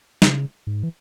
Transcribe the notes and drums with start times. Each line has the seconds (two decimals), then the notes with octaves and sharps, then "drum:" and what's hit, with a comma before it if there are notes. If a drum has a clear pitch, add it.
0.22 C#3, drum: snare
0.67 G#2
0.83 E3